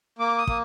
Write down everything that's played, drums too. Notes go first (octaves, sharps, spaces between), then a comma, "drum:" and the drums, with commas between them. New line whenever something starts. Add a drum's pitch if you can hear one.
A#3 D6
D#6
A#3, drum: kick